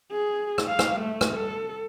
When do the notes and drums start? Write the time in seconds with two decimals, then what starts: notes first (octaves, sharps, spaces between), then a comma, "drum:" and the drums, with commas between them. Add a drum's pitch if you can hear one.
0.11 G#4
0.58 drum: rim click
0.68 F5
0.79 drum: rim click
1.00 A3
1.21 drum: rim click
1.34 A4